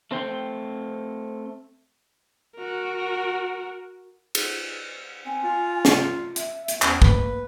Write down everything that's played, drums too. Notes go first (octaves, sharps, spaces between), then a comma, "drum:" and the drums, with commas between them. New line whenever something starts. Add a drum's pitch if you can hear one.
A3 C4 C5 G5
F#4 A#4
drum: cymbal
C4 G#5
F4
drum: snare
E5, drum: hi-hat
drum: hi-hat
E2 C#4, drum: clap
A#3 B4, drum: kick